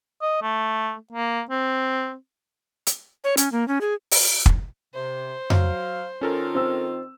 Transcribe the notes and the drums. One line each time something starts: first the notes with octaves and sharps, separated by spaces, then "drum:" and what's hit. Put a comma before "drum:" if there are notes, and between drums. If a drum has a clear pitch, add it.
D#5
A3
A#3
C4
drum: hi-hat
C#5
C#4, drum: hi-hat
A#3
C#4
G#4
drum: open hi-hat
drum: kick
C3 C5
F#3 F5, drum: tom F2
D#3 C#4 F4 A4 A#4
C4 E6